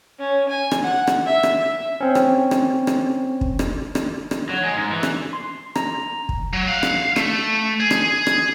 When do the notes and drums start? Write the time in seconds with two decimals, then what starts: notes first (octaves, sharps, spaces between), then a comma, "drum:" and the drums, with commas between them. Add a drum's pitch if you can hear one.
0.19 C#4
0.49 G#5
0.71 drum: rim click
0.83 F#5
1.07 drum: rim click
1.26 E5
1.43 drum: rim click
1.60 E5
2.01 C4 C#4
2.15 drum: rim click
2.51 drum: rim click
2.87 drum: rim click
3.41 drum: kick
3.59 drum: rim click
3.95 drum: rim click
4.31 drum: rim click
4.49 F#3
4.63 G#3
4.75 G#2
4.91 E3
5.03 drum: rim click
5.33 C6
5.76 A#5, drum: rim click
6.29 drum: kick
6.53 F#3
6.68 F5 F#5
6.83 drum: rim click
7.16 A3, drum: rim click
7.80 G#4
7.91 drum: rim click
8.27 drum: rim click